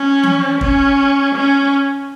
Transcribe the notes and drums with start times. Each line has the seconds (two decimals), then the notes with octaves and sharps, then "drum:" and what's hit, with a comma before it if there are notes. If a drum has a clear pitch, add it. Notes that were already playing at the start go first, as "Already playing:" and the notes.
Already playing: C#4
0.23 drum: tom E3
0.61 C#4, drum: kick
1.35 C#4